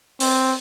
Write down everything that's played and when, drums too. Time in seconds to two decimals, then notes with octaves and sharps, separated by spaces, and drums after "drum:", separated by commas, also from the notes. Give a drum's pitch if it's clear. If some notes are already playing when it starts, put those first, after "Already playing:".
0.20 C4, drum: open hi-hat